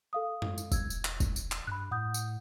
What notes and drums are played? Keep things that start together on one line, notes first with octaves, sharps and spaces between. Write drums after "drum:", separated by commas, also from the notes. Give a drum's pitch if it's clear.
A4 F5 D#6
drum: tom F#2
drum: tambourine
E6 G#6, drum: kick G1, tambourine
E1, drum: tambourine
drum: clap
drum: kick G1, tambourine
drum: tambourine
drum: clap
G2 B5 F#6
A2 F#5 D#6 G6
drum: tambourine